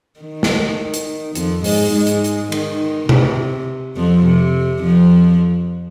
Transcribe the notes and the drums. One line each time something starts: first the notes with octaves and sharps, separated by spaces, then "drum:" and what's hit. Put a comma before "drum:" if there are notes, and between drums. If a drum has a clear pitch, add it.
D#3
drum: snare
drum: hi-hat
F2 F3, drum: hi-hat
G#2 G#3, drum: open hi-hat
G#2 G#3
drum: hi-hat
drum: hi-hat
D#3, drum: cymbal
C3, drum: tom B2
F2 F3
C3
F2 F3